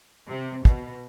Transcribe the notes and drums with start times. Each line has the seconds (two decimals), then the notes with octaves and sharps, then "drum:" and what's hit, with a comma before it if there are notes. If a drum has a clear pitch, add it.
0.28 C3
0.65 B2, drum: kick